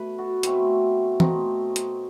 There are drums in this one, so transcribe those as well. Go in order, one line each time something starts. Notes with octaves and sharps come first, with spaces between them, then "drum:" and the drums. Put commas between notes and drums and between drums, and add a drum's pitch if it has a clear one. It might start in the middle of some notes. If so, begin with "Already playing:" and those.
Already playing: B2 A3 B4
F#4 A4
B2 A3 C4 E4, drum: hi-hat
B2 A3 C4 D#4, drum: tom E3
drum: hi-hat